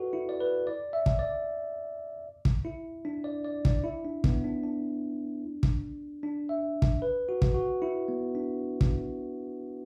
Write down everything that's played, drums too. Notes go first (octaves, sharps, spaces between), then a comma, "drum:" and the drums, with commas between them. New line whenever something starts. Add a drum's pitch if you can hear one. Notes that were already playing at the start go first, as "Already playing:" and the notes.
Already playing: F#4 A4 B4 D5
E4
D5
B4
D5
E5
drum: kick
D5
drum: kick
E4
D4
D5
D5
D5, drum: kick
E4
D4
B3, drum: kick
D4
D4
drum: kick
D4
E5
drum: kick
B4
F#4
drum: kick
F#4
E4
B3
D4
drum: kick